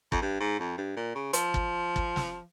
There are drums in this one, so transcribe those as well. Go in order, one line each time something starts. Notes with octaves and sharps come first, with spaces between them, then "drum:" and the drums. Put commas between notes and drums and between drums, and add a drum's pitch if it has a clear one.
F2, drum: kick
G2
G#2
F2
G2
A#2
C#3
F3, drum: hi-hat
drum: kick
drum: kick
drum: snare